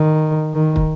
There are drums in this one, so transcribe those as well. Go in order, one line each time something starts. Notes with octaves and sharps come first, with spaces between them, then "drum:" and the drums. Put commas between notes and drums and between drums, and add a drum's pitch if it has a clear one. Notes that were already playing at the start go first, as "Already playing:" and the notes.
Already playing: D#3
D#3
drum: kick